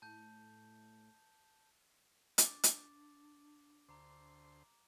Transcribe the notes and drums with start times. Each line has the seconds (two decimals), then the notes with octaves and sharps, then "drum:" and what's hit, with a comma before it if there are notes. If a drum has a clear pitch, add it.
0.02 A2 A5 G6
2.38 D4 D6 A6, drum: hi-hat
2.64 drum: hi-hat
3.89 D2 C5 A#5 D6